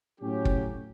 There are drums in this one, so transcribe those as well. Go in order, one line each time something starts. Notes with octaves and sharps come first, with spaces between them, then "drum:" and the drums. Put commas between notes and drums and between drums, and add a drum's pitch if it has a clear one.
A2 F#3 C#4 G4
drum: kick